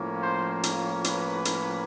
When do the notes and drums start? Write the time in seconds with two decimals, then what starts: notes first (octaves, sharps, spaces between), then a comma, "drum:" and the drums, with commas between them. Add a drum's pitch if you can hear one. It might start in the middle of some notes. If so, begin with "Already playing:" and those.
Already playing: A2 F3 A#3 C#4
0.23 C5
0.63 drum: hi-hat
1.04 B4, drum: hi-hat
1.45 drum: hi-hat